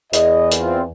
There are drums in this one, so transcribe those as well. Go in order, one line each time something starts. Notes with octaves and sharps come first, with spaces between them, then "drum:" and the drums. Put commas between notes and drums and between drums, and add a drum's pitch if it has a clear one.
E2 D#5, drum: hi-hat
drum: hi-hat
C4 F4